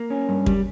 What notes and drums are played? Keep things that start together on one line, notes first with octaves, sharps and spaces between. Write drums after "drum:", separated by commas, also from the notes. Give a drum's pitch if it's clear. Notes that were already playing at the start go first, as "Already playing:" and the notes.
Already playing: A#3
C#4
G2
G3, drum: kick